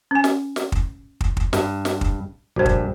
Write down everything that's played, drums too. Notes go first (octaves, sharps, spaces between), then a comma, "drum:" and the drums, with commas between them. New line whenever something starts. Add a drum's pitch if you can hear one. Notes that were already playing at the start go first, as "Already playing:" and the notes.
C#4 G#5
drum: snare
drum: snare
drum: kick
drum: kick
drum: kick
G2, drum: snare
drum: snare
drum: kick
A#1 G2 F#4 C5
drum: kick